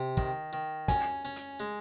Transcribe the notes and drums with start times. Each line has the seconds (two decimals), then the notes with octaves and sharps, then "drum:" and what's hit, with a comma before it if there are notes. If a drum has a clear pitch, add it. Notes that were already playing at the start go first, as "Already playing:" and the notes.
Already playing: C3
0.17 D#3, drum: kick
0.53 D#3
0.88 C#4 G#5, drum: kick, hi-hat
1.25 C#4
1.36 drum: hi-hat
1.60 G#3